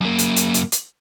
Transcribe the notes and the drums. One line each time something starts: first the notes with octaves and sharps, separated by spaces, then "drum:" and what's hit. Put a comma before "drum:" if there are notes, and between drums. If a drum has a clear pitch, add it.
F#2 A#3
drum: hi-hat
drum: hi-hat
drum: hi-hat
drum: hi-hat